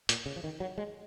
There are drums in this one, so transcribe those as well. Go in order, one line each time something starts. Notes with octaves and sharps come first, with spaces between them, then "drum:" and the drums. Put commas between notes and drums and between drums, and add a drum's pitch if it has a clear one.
A#2, drum: hi-hat
C#3
F3
D#3
F#3
G#3